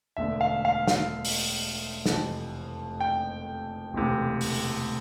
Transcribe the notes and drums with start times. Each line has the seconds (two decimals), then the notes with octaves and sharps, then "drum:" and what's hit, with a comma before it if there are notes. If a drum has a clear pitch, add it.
0.17 E1 D2 D3 E5
0.41 F5
0.65 F5
0.87 F5, drum: snare
1.25 drum: open hi-hat
2.06 F1 F2 C3 E3, drum: snare
3.00 G5
3.94 E1 D2 C3 E3
4.41 drum: open hi-hat